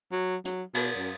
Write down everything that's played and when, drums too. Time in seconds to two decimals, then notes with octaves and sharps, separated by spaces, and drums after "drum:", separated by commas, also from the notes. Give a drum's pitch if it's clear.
0.12 F#3
0.45 F#3, drum: hi-hat
0.74 B2, drum: cymbal
0.97 F#2